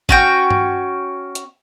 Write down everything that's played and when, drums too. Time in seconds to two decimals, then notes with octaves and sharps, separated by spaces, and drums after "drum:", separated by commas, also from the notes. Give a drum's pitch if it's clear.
0.09 C#4 F#4 G5, drum: kick G#1
0.51 drum: tom G2
1.35 drum: hi-hat